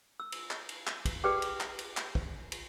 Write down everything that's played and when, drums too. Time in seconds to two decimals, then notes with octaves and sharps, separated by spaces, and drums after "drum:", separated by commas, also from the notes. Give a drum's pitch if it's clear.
0.20 E6
0.32 drum: cymbal
0.51 drum: clap
0.69 drum: cymbal
0.87 drum: clap
1.05 drum: kick, cymbal
1.24 G4 G#4 B4 D5 G5 D6
1.42 drum: cymbal
1.60 drum: clap
1.79 drum: cymbal
1.97 drum: clap
2.15 drum: kick
2.52 drum: cymbal